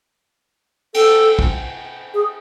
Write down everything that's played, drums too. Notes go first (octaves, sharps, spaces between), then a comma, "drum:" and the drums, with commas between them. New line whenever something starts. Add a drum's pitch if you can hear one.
A4, drum: cymbal
drum: kick
G#4